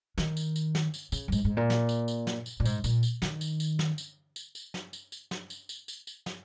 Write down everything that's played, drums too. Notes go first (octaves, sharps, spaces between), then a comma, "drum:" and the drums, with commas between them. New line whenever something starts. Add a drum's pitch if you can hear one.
D#3, drum: snare
drum: tambourine
drum: tambourine
drum: snare
drum: tambourine
C#3, drum: tambourine
F#2
G#2, drum: tambourine
G#2
A#2
drum: snare
drum: tambourine
drum: tambourine
drum: snare
drum: tambourine
A#2
G#2, drum: tambourine
A#2, drum: tambourine
drum: tambourine
D#3, drum: snare
drum: tambourine
drum: tambourine
drum: snare
drum: tambourine
drum: tambourine
drum: tambourine
drum: snare
drum: tambourine
drum: tambourine
drum: snare
drum: tambourine
drum: tambourine
drum: tambourine
drum: tambourine
drum: snare